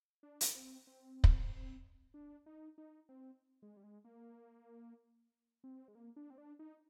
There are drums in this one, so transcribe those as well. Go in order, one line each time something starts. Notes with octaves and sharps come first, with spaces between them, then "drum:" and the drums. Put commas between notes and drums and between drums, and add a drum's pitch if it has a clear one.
D4
drum: hi-hat
C4
C4
drum: kick
D4
D#4
D#4
C4
G#3
G3
G#3
A#3
C4
G#3
A#3
D4
C4
D4
D#4